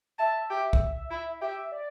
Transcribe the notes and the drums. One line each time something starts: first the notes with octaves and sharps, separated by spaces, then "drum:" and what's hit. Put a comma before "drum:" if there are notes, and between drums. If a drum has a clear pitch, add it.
E5 A5
G4
drum: kick
E4
G4 E5
D5